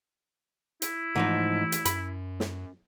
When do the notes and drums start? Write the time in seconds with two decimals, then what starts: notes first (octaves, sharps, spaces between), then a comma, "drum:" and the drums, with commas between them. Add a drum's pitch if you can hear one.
0.82 E4, drum: hi-hat
1.16 G#2 E3 F3 A3 D#4
1.72 drum: hi-hat
1.85 F#2 B5, drum: hi-hat
2.40 drum: snare